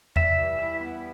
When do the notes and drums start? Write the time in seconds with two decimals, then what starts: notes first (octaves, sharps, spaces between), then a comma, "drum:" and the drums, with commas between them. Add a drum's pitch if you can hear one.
0.16 G3 E5, drum: tom E2
0.38 E3
0.59 E4
0.81 B3